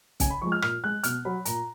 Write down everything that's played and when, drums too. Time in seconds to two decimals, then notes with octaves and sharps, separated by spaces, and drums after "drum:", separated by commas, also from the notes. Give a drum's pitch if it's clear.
0.20 C#3 G#5, drum: kick, hi-hat
0.30 B5
0.41 F3 G#3 C#6
0.52 F6
0.62 A#2 F6, drum: rim click
0.84 G#3 F#6
1.04 B2 F6, drum: hi-hat
1.25 F#3 B5
1.45 A#2 A#5, drum: hi-hat